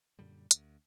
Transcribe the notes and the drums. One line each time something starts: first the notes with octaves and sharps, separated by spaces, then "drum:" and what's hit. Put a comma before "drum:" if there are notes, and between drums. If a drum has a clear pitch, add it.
F#2 A#2 D3 G3
D2, drum: hi-hat